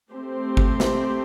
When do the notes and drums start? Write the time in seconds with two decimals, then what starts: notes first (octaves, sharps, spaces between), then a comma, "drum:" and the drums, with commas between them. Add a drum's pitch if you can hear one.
0.11 A3 C4 G4 C5
0.57 drum: kick G1
0.80 drum: snare